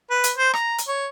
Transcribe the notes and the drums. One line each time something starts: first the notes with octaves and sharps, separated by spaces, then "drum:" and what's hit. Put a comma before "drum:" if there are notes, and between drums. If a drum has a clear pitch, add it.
B4
drum: hi-hat
C5
A#5, drum: rim click
drum: hi-hat
C#5